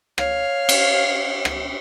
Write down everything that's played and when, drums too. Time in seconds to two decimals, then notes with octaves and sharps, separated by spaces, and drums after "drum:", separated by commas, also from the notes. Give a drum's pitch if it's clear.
0.18 C#5 F5, drum: rim click
0.69 drum: cymbal
1.45 drum: rim click